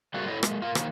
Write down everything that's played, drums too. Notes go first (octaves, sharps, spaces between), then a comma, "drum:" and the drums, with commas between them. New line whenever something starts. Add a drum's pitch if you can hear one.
G3 A3 A#3 F4 F#4 G#4
E4 A4 C#5 D#5
G#3 A#3, drum: rim click
F4 A#4 F5
D#3 F3 A#3, drum: rim click